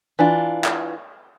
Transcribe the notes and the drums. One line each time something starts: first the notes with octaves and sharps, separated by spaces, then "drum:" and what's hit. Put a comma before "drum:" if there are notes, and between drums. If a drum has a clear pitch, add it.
E3 D4 F4
drum: clap